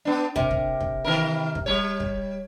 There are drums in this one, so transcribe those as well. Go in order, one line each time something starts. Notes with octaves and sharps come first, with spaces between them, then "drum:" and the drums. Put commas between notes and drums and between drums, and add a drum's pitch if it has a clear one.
B3 D4
C3 A#4, drum: kick
drum: kick
drum: kick
D#3 C4 A#4
drum: kick
G3 C#5
drum: kick